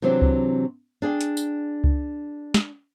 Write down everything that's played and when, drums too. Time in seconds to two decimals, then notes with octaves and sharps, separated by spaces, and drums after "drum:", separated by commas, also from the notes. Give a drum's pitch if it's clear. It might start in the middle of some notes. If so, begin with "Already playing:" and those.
0.02 C3 E3 F#3 C4 D4
0.22 drum: kick C#2
1.02 D4 G#4 D5 G5
1.21 drum: hi-hat
1.37 drum: tambourine
1.84 drum: kick C#2
2.54 drum: snare